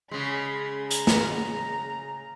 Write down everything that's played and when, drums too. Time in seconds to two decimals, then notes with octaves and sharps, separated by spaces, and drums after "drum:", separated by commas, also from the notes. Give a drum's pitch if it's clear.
0.11 C#3 G#3 B5
0.91 A#5, drum: hi-hat
1.07 drum: snare